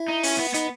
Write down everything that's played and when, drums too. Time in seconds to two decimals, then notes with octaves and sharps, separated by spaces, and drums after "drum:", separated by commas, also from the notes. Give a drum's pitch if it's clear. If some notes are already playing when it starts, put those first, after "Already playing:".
Already playing: E4 E5
0.08 D#4
0.23 C#4, drum: open hi-hat
0.38 B3
0.54 B3 D#4 D#5, drum: hi-hat